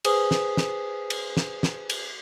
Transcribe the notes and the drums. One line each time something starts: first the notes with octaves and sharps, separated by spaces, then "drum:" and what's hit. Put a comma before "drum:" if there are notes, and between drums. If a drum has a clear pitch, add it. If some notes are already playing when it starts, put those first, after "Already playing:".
G#4 B4 C5 G#5 D#6, drum: cymbal
drum: snare
drum: snare
drum: cymbal
drum: snare
drum: snare
drum: cymbal